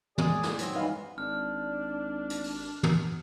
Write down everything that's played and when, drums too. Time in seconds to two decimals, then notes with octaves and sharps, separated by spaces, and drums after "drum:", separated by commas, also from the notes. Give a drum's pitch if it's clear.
0.18 G#3 G#4 D5 G#5, drum: tom
0.43 drum: snare
0.58 D#3 F#3 C4, drum: hi-hat
0.75 E3 G3 G#3 B3 D#4 F5
1.18 G#1 D4 D5 F6
2.30 drum: hi-hat
2.44 drum: open hi-hat
2.83 drum: tom